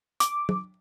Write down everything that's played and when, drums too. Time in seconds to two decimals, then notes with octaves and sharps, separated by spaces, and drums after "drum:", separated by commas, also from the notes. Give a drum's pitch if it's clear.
0.20 D6, drum: hi-hat
0.49 drum: tom